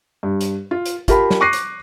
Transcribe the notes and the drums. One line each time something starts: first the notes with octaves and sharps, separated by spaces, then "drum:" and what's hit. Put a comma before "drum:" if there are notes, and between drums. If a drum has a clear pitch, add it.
G2
drum: hi-hat
F4
drum: hi-hat
F4 G4 A#4 A5 B5, drum: kick, hi-hat
drum: snare
C#6 D6 F#6 A#6 C7 D#7
drum: hi-hat